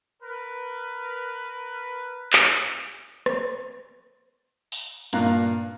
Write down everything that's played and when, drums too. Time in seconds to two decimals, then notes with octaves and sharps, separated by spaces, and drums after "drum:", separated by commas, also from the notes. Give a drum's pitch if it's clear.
0.22 A#4 B4
2.33 drum: clap
3.26 drum: rim click
4.72 drum: open hi-hat
5.13 G2 A#2 A#3 F5 A#5 F#6, drum: hi-hat